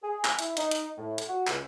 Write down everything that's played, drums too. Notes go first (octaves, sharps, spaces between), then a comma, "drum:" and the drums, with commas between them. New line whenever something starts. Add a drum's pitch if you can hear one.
G#4
G#5, drum: clap
E4, drum: hi-hat
D#4, drum: hi-hat
drum: hi-hat
A2
drum: hi-hat
F#4
C#2, drum: clap